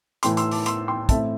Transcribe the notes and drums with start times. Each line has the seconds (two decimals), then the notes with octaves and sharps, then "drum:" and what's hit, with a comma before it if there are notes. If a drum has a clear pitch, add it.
0.23 A2 E3 A3 G5 C6, drum: hi-hat
0.37 C6 E6, drum: hi-hat
0.51 A5 D6, drum: open hi-hat
0.66 C6 E6, drum: hi-hat
0.87 G5 C6
1.09 A2 A3 C4 E5 A5, drum: kick, hi-hat